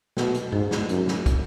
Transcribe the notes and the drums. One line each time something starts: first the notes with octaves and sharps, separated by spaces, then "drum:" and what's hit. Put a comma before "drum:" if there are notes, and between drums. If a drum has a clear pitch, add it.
B2, drum: snare
drum: hi-hat
G#2, drum: tom G2
drum: snare
F#2, drum: hi-hat
drum: snare
drum: kick, hi-hat